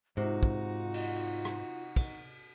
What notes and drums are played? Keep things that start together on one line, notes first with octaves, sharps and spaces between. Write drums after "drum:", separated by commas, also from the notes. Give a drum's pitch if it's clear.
G#2 C3 D#4 F4 F#4
drum: kick
drum: cymbal
drum: rim click
drum: kick, cymbal